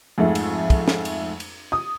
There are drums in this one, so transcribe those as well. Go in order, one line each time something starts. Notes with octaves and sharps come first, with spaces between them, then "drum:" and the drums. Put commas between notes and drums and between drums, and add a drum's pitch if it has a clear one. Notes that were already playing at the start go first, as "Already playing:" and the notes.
F2 G#2 A3
drum: cymbal
drum: kick, cymbal
drum: snare
drum: cymbal
drum: cymbal
D#6